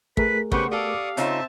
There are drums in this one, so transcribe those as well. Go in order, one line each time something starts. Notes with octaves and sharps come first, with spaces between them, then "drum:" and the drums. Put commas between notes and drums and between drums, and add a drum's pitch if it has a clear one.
A3 G#4 A#4 B4 B6, drum: kick
C#3 B3 G4 B4 C5 C#6, drum: kick
G4 A4 D5 F5 C#6 D#6
C#3 C4 D#4 F4 C#5 E5 A5, drum: hi-hat